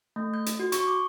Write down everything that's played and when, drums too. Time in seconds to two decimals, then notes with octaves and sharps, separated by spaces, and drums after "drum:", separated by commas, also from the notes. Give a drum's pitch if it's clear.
0.16 A3
0.34 G6
0.46 drum: hi-hat
0.59 F#4
0.72 C#6, drum: hi-hat
0.87 D6